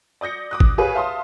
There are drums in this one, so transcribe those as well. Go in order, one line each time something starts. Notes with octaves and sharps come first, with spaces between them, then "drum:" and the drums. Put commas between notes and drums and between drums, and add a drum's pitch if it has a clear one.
D5 D#6 G6 A#6 C#7
D6 D#6 F#6
drum: kick
G4 G#4 B4 C#5 F5
E5 F5 A5 C6 D#6